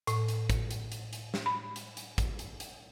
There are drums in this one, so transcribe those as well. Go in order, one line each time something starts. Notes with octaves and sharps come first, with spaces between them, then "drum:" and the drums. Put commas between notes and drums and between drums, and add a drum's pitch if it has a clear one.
A2, drum: hi-hat
drum: hi-hat
drum: kick, hi-hat
drum: hi-hat
drum: hi-hat
drum: hi-hat
drum: snare
B5
drum: hi-hat
drum: hi-hat
drum: kick, hi-hat
drum: hi-hat
drum: hi-hat